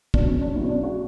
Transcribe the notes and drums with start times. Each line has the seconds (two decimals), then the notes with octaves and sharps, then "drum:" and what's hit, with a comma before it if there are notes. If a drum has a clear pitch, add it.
0.14 B2 F#3 D4, drum: kick
0.28 C#4
0.41 D4
0.56 B2 F#3 E4
0.64 C#4
0.69 D4
0.83 F#4